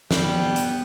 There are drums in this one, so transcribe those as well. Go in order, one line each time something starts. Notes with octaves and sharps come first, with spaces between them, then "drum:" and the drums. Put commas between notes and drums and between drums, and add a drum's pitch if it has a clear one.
G3 B3 G4 G5 F#6, drum: snare
drum: hi-hat